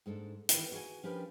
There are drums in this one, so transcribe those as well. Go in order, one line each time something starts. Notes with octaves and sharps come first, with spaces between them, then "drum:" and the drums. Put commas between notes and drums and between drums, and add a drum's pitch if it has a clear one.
G#2 G#3 D4 A4
D#3 E3 B3 E4, drum: hi-hat
F#4 G#4 C#5 G#5
F3 C#4 D4 G4 A#4 B4